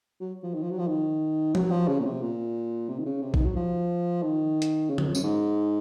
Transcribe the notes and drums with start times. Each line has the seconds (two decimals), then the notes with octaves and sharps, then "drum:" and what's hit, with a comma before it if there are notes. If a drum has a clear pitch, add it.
0.20 F#3
0.43 F3
0.54 D#3
0.63 F3
0.71 F#3
0.79 F3
0.87 D#3
1.55 F#3, drum: tom F3
1.71 F3
1.88 C#3
2.00 A#2
2.05 C3
2.22 A#2
2.89 C3
2.99 D#3
3.06 C#3
3.22 C3
3.34 D#3, drum: kick
3.45 F#3
3.56 F3
4.23 D#3
4.62 drum: hi-hat
4.89 C#3
4.98 F#2, drum: tom D3
5.06 F2
5.15 F#2, drum: tambourine
5.23 G#2